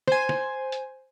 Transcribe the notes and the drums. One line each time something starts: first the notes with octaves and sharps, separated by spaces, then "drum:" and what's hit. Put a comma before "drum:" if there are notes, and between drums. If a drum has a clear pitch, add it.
C5 G#5, drum: snare
drum: snare
drum: hi-hat